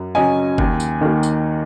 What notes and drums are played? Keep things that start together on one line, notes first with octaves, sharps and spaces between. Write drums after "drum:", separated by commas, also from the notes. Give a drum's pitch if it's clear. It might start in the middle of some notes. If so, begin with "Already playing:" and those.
Already playing: F#2
C#3 F#3 C#4 D#5 G#5
D#2, drum: kick F#1
drum: tambourine
D#3 A#3
drum: tambourine